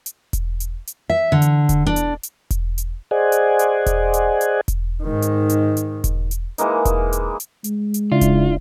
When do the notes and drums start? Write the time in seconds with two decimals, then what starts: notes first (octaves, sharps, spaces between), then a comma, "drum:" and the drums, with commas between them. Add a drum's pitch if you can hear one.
0.06 drum: hi-hat
0.33 drum: kick E1, hi-hat
0.60 drum: hi-hat
0.87 drum: hi-hat
1.10 E5
1.32 D3
1.42 drum: hi-hat
1.69 drum: kick E1, hi-hat
1.86 D4
1.96 drum: hi-hat
2.23 drum: hi-hat
2.50 drum: kick E1, hi-hat
2.78 drum: hi-hat
3.11 G#4 C5 D5 D#5 F#5 G#5
3.32 drum: hi-hat
3.59 drum: hi-hat
3.86 drum: kick E1, hi-hat
4.14 drum: hi-hat
4.41 drum: hi-hat
4.68 drum: kick E1, hi-hat
5.03 G#2 D#3
5.22 drum: hi-hat
5.49 drum: hi-hat
5.77 drum: hi-hat
6.04 drum: kick E1, hi-hat
6.31 drum: hi-hat
6.58 E3 G#3 A#3 D#4, drum: hi-hat
6.85 drum: kick E1, hi-hat
7.13 drum: hi-hat
7.40 drum: hi-hat
7.64 G#3, drum: hi-hat
7.94 drum: hi-hat
8.12 C#3 D4 E4 F4
8.21 drum: kick E1, hi-hat